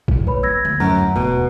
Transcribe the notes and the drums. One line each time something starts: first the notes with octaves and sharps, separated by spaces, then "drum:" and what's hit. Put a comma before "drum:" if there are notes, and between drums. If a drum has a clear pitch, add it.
A2, drum: kick A#1
A2 B4 C#5 B5
B3 E6 G#6 A#6
D2
F#2 A#5
D#1 F#2 B2